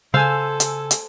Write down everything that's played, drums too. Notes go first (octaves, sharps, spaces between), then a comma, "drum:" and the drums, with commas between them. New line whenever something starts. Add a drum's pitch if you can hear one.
C#3 A4 C5 F5 G#5 E6
drum: hi-hat
drum: hi-hat